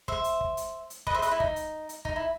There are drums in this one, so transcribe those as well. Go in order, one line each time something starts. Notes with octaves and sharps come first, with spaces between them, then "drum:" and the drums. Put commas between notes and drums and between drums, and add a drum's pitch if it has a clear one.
C5 E5, drum: kick
drum: hi-hat
drum: kick
drum: hi-hat
drum: hi-hat
B4 D#5, drum: kick
C5 E5
B4 D#5, drum: hi-hat
E4
D#4, drum: kick
drum: hi-hat
drum: hi-hat
D#4, drum: kick
E4